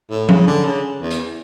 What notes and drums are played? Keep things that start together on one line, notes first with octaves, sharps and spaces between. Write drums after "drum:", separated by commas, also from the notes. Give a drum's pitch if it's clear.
A2
C#3, drum: tom F3
D3
C#3
E2
drum: hi-hat